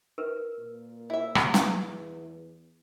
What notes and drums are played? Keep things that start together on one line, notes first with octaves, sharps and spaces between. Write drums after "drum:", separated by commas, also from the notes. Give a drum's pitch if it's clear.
A#4 B4
A#2
E4 E5
drum: rim click
E2 G#5, drum: snare